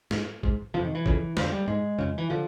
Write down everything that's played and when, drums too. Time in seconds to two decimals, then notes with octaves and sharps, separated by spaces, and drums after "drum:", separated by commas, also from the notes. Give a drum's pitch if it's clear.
0.11 G#2, drum: snare
0.43 G#2, drum: kick
0.74 F2 C3 F3
0.85 D#3
0.95 E3
1.06 F2 C#3, drum: kick
1.37 F2 D3 F3, drum: snare
1.52 G3
1.68 G#2 G#3
1.99 F2 C#3
2.18 E3
2.30 D3 F3